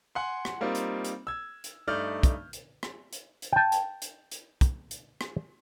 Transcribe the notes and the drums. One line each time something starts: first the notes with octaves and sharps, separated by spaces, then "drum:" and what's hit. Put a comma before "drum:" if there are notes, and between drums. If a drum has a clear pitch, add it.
F#5 G#5 C6
drum: rim click
G3 A#3 C4 D#4 F4
drum: hi-hat
drum: hi-hat
E6 G#6
drum: hi-hat
G2 A3 D#4 D5 F6 G6
drum: kick, hi-hat
drum: hi-hat
drum: rim click
drum: hi-hat
drum: hi-hat
G5 A5
drum: hi-hat
drum: hi-hat
drum: hi-hat
drum: kick, hi-hat
drum: hi-hat
drum: rim click